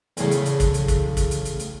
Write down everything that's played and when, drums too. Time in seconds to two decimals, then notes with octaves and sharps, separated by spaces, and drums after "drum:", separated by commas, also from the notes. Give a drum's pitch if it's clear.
0.17 E2 A2 C#3, drum: hi-hat
0.31 drum: hi-hat
0.46 drum: hi-hat
0.60 drum: kick, hi-hat
0.74 drum: hi-hat
0.88 drum: kick, hi-hat
1.17 drum: kick, hi-hat
1.31 drum: hi-hat
1.45 drum: hi-hat
1.59 drum: hi-hat